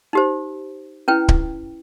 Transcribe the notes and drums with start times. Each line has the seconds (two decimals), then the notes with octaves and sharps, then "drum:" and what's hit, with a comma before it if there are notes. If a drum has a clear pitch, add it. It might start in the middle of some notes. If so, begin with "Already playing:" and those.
0.13 D#4 G4 C5
1.08 C#4 E4 B4 G5
1.28 drum: kick D1